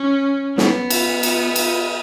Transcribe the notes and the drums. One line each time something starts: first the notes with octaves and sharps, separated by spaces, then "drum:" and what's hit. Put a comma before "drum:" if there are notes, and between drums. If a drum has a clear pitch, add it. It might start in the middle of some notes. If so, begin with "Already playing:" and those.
Already playing: C#4
B3, drum: snare
drum: cymbal
drum: cymbal
drum: cymbal